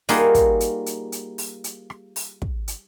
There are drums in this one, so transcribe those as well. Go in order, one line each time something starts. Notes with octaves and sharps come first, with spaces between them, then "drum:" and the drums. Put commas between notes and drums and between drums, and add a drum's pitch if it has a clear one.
G3 A#3 D#4 F4 F#4 G#4, drum: open hi-hat
drum: kick, hi-hat
drum: hi-hat
drum: hi-hat
drum: hi-hat
drum: open hi-hat
drum: hi-hat
drum: rim click
drum: open hi-hat
drum: kick
drum: hi-hat